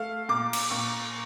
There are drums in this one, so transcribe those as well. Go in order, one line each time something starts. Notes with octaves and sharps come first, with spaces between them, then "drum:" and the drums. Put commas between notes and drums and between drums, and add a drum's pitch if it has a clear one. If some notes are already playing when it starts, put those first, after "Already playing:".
Already playing: A3 F5
A#2 D6
drum: cymbal
A#2 C#6